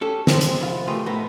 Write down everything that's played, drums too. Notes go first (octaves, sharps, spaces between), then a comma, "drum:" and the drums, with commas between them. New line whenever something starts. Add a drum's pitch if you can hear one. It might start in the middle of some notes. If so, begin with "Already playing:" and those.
C#4 G4 A4
D#3 F3 G#3 C4, drum: snare
drum: hi-hat
C2 F3 F4
E3 A3 F4 G4 A#4 D#5
A2 B3 A#4